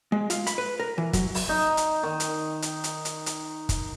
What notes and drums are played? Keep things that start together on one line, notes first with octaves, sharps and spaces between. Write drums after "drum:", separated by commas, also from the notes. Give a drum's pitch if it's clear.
G#3
F4, drum: hi-hat
B5, drum: hi-hat
B4
A#4
E3
F#3, drum: kick, hi-hat
drum: open hi-hat
D#4
drum: hi-hat
D#3
drum: hi-hat
drum: hi-hat
drum: hi-hat
drum: hi-hat
drum: hi-hat
drum: kick, hi-hat